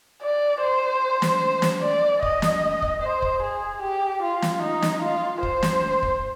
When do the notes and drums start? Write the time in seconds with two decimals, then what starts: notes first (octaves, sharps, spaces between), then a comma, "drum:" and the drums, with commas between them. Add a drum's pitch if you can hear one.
0.22 D5
0.62 C5
1.22 drum: snare
1.62 drum: snare
1.82 D5
2.23 D#5, drum: kick
2.42 drum: snare
2.82 drum: kick
3.02 C5
3.22 drum: kick
3.43 G#4
3.82 G4
4.22 F4
4.42 drum: snare
4.62 D#4
4.82 drum: snare
5.02 F4
5.43 C5, drum: kick
5.63 drum: snare
6.03 drum: kick